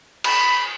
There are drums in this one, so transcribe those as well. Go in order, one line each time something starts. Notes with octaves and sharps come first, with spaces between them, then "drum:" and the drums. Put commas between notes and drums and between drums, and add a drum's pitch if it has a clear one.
B5, drum: cymbal